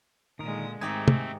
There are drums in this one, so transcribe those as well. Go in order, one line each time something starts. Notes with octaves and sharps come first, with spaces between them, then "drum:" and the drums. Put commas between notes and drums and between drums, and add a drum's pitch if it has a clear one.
A#2 D3 D#3 G#3 A#4 D#6
G#2 D#3 A3 C4 D#4 G4 D#5 G#5
drum: tom